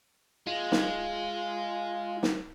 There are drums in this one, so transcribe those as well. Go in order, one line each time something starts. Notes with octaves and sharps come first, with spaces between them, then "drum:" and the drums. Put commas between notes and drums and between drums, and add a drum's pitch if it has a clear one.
G#3 F4
drum: snare
drum: snare